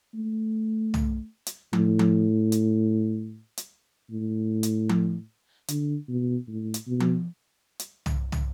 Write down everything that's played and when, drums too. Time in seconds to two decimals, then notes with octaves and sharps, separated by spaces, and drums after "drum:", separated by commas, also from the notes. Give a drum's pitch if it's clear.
0.14 A3
0.94 drum: tom
1.46 drum: hi-hat
1.73 A2, drum: tom F3
1.99 drum: tom F3
2.52 drum: hi-hat
3.57 drum: hi-hat
4.11 A2
4.63 drum: hi-hat
4.89 drum: tom F3
5.68 D3, drum: hi-hat
6.09 B2
6.48 A2
6.74 drum: hi-hat
6.87 B2
7.00 drum: tom F3
7.79 drum: hi-hat
8.06 drum: tom
8.32 drum: tom